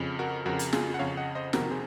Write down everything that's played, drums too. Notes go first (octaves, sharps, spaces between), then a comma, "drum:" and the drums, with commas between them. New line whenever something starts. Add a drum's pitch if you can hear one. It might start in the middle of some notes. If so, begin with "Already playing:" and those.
Already playing: F2 C#3
F#4 A#4
F2 C#3 F#4 A#4
drum: hi-hat
F4 G#4, drum: snare
F#5
F2 C#3 C#5 F5
D#5 F#5
C5 D#5
F2 C3 D#3 F#4 A#4, drum: snare
G#4 C5